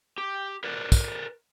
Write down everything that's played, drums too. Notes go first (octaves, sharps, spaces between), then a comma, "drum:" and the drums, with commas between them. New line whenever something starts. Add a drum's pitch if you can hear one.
G4
A#4 B4 D5
drum: kick, tambourine